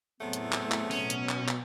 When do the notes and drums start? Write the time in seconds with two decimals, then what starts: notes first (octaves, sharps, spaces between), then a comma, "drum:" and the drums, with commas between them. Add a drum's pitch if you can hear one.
0.21 E2 A2 C3 F#3 A3 B3
0.33 drum: hi-hat
0.53 drum: clap
0.72 drum: clap
0.91 B2 C#4, drum: open hi-hat
1.10 drum: hi-hat
1.29 drum: clap
1.48 drum: clap